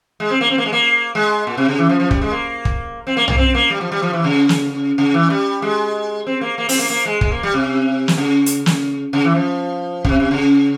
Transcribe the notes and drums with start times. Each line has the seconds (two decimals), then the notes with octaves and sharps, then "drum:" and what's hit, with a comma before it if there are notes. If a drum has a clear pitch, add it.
0.20 G#3
0.30 C4
0.41 A#3
0.51 C4
0.58 A#3
0.66 G#3
0.72 A#3
1.15 G#3
1.47 A#2
1.57 C3
1.68 C#3
1.79 E3
1.89 F3
2.00 F3
2.11 G3, drum: kick
2.21 G#3
2.32 A#3
2.65 drum: kick
3.07 C4
3.17 A#3
3.28 A#3, drum: tom B1
3.38 C4
3.55 A#3
3.70 G3
3.81 F3
3.92 G3
4.03 F3
4.13 E3
4.24 C#3
4.49 drum: snare
4.98 C#3
5.14 E3
5.30 G3
5.62 G#3
6.27 C4
6.41 A#3
6.58 A#3
6.69 C4, drum: open hi-hat
6.79 A#3
6.90 A#3
7.06 G#3
7.21 G#3, drum: kick
7.32 A#3
7.43 G3
7.54 C3
8.08 drum: snare
8.17 C#3
8.46 drum: hi-hat
8.66 drum: snare
9.13 C#3
9.24 E3
9.35 F3
10.05 C#3, drum: kick
10.09 C3
10.20 C3
10.31 C#3